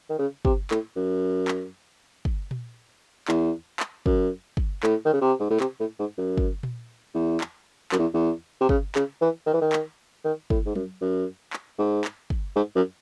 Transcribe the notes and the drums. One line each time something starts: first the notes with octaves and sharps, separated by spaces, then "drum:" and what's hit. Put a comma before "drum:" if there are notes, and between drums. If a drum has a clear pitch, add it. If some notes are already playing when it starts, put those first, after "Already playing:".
D#3
C#3
C3, drum: kick
A2, drum: clap
F#2
drum: clap
drum: kick
drum: tom A#2
E2, drum: clap
drum: clap
F#2, drum: kick
drum: kick
A2, drum: clap
D#3
C#3
C3
G#2
A2
C3, drum: clap
A2
G#2
F#2
drum: kick
drum: tom A#2
E2
drum: clap
F#2, drum: clap
E2
E2
C3
C#3, drum: kick
C#3, drum: clap
E3
D#3
E3
D#3
drum: clap
D#3
A2, drum: kick
G#2
F#2, drum: tom F#3
F#2
drum: clap
G#2
drum: clap
drum: kick
G#2
F#2